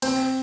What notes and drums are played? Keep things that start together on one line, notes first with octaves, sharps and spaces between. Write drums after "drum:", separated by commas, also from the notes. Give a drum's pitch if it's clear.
C4, drum: cymbal